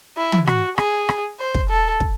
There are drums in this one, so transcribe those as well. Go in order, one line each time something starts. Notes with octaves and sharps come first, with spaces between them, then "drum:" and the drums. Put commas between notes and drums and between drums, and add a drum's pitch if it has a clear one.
E4
drum: tom
F#4, drum: rim click
G#4, drum: rim click
drum: rim click
C5
drum: kick
A4
drum: kick